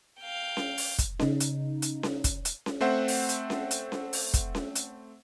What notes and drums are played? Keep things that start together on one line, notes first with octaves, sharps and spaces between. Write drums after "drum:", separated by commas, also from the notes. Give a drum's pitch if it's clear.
F5 G5
drum: snare C#4
drum: open hi-hat
drum: kick, hi-hat
C#3 D#4, drum: snare C#4
drum: hi-hat
drum: hi-hat
drum: snare C#4
drum: kick, hi-hat
drum: hi-hat
drum: snare C#4
A3 C4 C5 E5 F#5
drum: open hi-hat
drum: hi-hat
drum: snare C#4
drum: hi-hat
drum: snare C#4
drum: open hi-hat
drum: kick, hi-hat
drum: snare C#4
drum: hi-hat